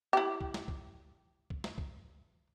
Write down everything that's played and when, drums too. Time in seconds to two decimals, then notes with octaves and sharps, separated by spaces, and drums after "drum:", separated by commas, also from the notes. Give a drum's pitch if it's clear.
0.13 E4 G4
0.41 drum: kick C2
0.54 drum: snare
0.68 drum: kick C2
1.50 drum: kick C2
1.64 drum: snare
1.78 drum: kick C2